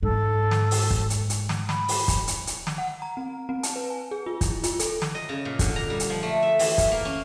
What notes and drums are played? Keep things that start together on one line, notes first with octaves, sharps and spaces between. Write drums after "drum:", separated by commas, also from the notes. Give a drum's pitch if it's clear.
G#2 A4
drum: snare
drum: open hi-hat
drum: kick
drum: hi-hat
drum: hi-hat
drum: snare
B5, drum: snare
drum: open hi-hat
drum: kick, hi-hat
drum: hi-hat
drum: hi-hat
drum: snare
F#5
A#5
C4
C4
A5, drum: hi-hat
B4
G#5
G#4
F4
E4, drum: kick, hi-hat
F4, drum: hi-hat
A4, drum: hi-hat
drum: snare
D#5
C#3
A#2
D3, drum: kick, hi-hat
A#5
G3
drum: hi-hat
F3
A3
E5
E3, drum: open hi-hat
drum: kick, hi-hat
A#3
C#4